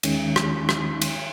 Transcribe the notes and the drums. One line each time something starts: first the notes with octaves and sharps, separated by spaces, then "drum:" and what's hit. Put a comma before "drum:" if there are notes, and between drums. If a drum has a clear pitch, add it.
D#2 D#3 G#3 C#4, drum: cymbal
drum: rim click
drum: rim click
drum: cymbal